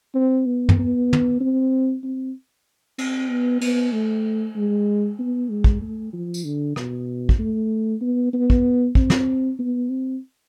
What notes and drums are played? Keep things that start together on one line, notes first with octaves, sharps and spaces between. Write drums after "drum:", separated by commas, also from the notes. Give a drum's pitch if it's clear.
C4
B3
drum: tom
B3
drum: tom
C4
C4
C4, drum: cymbal
B3
B3, drum: cymbal
A3
G#3
B3
G#3
drum: kick
A3
F3
drum: tambourine
D3
B2, drum: rim click
drum: kick
A3
B3
B3
drum: kick
C4, drum: kick
drum: snare
B3
C4